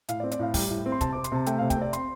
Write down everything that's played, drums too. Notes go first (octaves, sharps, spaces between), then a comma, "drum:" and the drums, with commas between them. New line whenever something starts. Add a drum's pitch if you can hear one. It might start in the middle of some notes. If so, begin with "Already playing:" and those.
A2 F5, drum: hi-hat
D5
C4
D5, drum: hi-hat
A2 F5
G3 G5, drum: kick, open hi-hat
A2
C4
C6
C3 A5, drum: kick, hi-hat
C4 D6
C6, drum: hi-hat
C3 A5
A3 G5, drum: hi-hat
C3 F5
G5, drum: kick, hi-hat
C4 D5
C6, drum: hi-hat